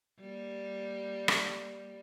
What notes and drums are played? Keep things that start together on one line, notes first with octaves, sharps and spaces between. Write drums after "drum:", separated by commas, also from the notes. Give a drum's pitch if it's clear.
G3 A#3
drum: rim click